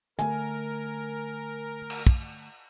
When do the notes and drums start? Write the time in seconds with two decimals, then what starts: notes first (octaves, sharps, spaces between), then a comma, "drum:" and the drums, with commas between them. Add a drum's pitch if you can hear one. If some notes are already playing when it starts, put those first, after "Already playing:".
0.19 D3 A3 A#4 G#5, drum: hi-hat
1.90 drum: cymbal
2.07 drum: kick